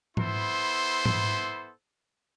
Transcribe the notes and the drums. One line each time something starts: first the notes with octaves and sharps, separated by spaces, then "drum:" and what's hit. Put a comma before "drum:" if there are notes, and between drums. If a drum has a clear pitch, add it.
B3 E4 A4 C5 C6, drum: tom G#2
drum: tom G#2